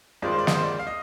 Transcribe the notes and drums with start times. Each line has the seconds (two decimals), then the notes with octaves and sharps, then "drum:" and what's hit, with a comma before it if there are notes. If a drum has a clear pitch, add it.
0.22 G2 D#3 G#3 C4 F4 D5
0.31 C5
0.39 D5
0.47 D#5, drum: snare
0.55 C5
0.63 D5
0.79 F5
0.87 D#5